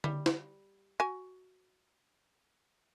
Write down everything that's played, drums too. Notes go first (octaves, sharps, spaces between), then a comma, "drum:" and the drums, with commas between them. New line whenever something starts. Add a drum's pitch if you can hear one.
G3, drum: tom D3
drum: snare
F#4 G#5